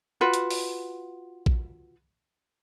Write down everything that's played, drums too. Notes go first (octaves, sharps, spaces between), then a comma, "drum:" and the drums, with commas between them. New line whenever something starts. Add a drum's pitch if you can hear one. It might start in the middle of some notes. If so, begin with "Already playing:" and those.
F4 F#4 B4
drum: hi-hat
drum: open hi-hat
drum: kick A#1